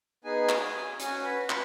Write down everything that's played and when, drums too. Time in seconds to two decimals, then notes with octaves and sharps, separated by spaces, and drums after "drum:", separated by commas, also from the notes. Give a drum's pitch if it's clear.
0.24 B3 D#4 G#4 G#5
0.49 drum: clap
0.99 C#4 F#4 G#5, drum: hi-hat
1.25 B4
1.50 B4, drum: clap